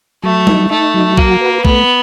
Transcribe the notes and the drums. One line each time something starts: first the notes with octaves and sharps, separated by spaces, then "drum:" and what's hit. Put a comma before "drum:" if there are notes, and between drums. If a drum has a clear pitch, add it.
F#3 A3
D#4, drum: tom G3
A3 D#4
F#3
A#3 F#4, drum: kick B1
B4
A3 B3, drum: kick B1